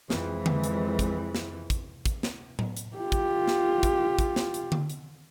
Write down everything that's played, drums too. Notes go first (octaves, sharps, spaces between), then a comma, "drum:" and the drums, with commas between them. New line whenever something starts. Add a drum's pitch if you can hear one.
F2 E3 G#3, drum: snare
drum: tom D3
drum: hi-hat
drum: kick, hi-hat
drum: snare
drum: kick, hi-hat
drum: kick, hi-hat
drum: snare
drum: tom A2
drum: hi-hat
F4 G4
drum: kick, hi-hat
drum: snare
drum: kick, hi-hat
drum: kick, hi-hat
drum: snare
drum: hi-hat
drum: tom D3
drum: hi-hat